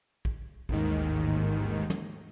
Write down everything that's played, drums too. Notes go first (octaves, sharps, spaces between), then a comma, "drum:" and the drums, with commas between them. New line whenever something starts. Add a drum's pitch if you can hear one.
drum: kick
A1 D#2 G#2 D#3, drum: kick
drum: tom